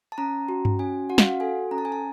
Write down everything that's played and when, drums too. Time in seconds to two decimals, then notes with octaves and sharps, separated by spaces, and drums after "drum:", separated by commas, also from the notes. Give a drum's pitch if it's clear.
0.12 A5
0.18 C#4 A#5
0.49 F#4
0.65 drum: tom G2
0.79 C#4 G#5
1.10 F#4 F#5
1.18 F5, drum: snare
1.25 F#5
1.40 A4 G#5
1.71 C#4 A#5
1.78 A5
1.85 G#5
1.92 A5